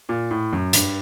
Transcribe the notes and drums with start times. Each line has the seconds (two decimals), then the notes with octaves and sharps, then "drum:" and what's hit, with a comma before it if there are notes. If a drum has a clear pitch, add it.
0.09 A#2
0.31 A2
0.53 F#2
0.73 G2, drum: hi-hat